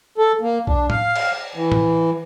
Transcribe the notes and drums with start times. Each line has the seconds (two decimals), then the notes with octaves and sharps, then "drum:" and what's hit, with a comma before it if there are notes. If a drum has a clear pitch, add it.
0.18 A4
0.41 A#3
0.67 D4, drum: kick B1
0.90 F5, drum: tom
1.16 drum: cymbal
1.55 E3
1.72 drum: tom